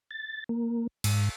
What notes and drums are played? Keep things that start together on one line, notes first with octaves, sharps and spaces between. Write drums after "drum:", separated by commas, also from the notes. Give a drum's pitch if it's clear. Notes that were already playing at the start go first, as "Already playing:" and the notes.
A6
A#3
G#2, drum: cymbal